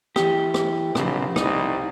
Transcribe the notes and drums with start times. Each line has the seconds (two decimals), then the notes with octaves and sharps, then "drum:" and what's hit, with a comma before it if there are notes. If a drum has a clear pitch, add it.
0.16 E3 G4, drum: rim click
0.54 drum: rim click
0.95 B1 A#2 C#3 F3, drum: rim click
1.36 C2 D#4, drum: rim click